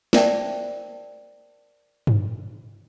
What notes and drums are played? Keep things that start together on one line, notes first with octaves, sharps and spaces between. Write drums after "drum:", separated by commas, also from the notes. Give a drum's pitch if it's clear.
A#4 C5 D5 E5 G5 A5, drum: snare
drum: tom G2